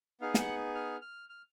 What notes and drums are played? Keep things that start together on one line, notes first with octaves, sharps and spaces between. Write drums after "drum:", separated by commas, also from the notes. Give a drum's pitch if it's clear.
B3 D#4 G#4 F5
G#5, drum: snare
F#5
F6
F6
F6